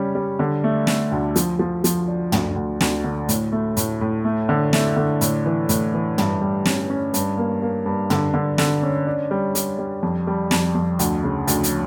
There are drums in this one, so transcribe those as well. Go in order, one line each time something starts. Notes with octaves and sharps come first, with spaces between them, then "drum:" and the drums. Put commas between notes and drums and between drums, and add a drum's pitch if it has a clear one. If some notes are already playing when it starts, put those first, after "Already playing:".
Already playing: C#3 G3 C#4
G3
D3
A3
A3, drum: snare
D2
F3, drum: hi-hat
F3
F3, drum: hi-hat
D4
D2, drum: tom
D2
D2, drum: snare
D3
A2, drum: hi-hat
A3
A2, drum: hi-hat
A2
A3
D3
A3, drum: snare
D3
A2, drum: hi-hat
E3
A2, drum: hi-hat
E3
G2, drum: tom
G3
C#4, drum: snare
C#4
G2, drum: hi-hat
A#3
A#3
G2
D3, drum: tom
D3
D3, drum: snare
C#4
D4
G3
G3, drum: hi-hat
G3
F2
G3
F2, drum: snare
F2
D2, drum: hi-hat
C#3
D2, drum: hi-hat
drum: hi-hat